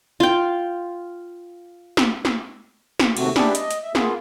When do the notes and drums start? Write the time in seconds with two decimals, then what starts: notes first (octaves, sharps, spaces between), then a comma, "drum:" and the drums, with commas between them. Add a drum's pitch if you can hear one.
0.20 F4 G5
1.97 drum: snare
2.25 drum: snare
3.00 drum: snare
3.17 D#2 C3 A3 C4 F#4, drum: cymbal
3.36 D4 G4 G#4 B4 D5 E5, drum: snare
3.55 D#5, drum: hi-hat
3.71 drum: hi-hat
3.83 E5
3.95 A#3 B3 F4 G#4, drum: snare